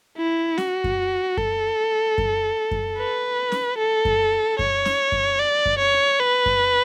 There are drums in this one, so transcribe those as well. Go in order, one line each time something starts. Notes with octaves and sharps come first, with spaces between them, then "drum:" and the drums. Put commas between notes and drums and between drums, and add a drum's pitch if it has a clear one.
E4
F#4, drum: snare C#4
drum: kick F#2
A4, drum: kick F#2
drum: kick F#2
drum: kick F#2
B4
drum: snare C#4
A4
drum: kick F#2
C#5, drum: kick F#2
drum: snare C#4
drum: kick F#2
D5
drum: kick F#2
C#5
B4
drum: kick F#2